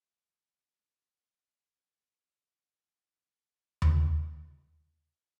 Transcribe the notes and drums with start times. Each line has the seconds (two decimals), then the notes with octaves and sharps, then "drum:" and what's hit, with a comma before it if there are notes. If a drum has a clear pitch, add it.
0.01 G1 C2 F#2
0.12 F#1 G2
0.97 C#2 F#3 A#3
1.37 B2 C4
2.05 G#1 F#2 B3 D4
3.19 G6 G#6
3.82 drum: tom D#2